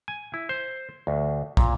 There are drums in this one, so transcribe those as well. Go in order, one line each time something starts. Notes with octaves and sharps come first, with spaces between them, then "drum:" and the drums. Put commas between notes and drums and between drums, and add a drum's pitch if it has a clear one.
G#5
E4
C5
D2
A#2, drum: kick